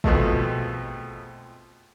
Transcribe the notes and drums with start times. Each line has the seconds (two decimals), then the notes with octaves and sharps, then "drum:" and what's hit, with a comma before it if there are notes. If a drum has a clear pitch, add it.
0.04 F2 B2 G#3 A3, drum: kick